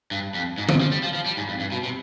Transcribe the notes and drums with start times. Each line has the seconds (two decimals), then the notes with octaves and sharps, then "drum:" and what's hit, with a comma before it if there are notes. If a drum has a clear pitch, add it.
0.11 G2
0.35 F2
0.58 G#2
0.69 C3, drum: tom D3
0.81 F3
0.92 G3
1.03 F3
1.15 F3
1.26 G3
1.37 G#2
1.49 F2
1.60 G2
1.72 B2
1.83 C3